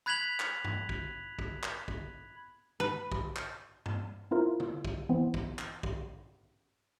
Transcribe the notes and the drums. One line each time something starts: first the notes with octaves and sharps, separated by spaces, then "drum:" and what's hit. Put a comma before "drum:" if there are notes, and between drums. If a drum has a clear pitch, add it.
B5 F#6 G#6 B6 F7 F#7
drum: clap
drum: tom G2
drum: kick
drum: kick
drum: clap
drum: kick
B4
drum: kick
drum: clap
drum: tom G2
C4 E4 F4 A#4
drum: tom
drum: kick
E3 B3 C4
drum: kick
drum: clap
drum: kick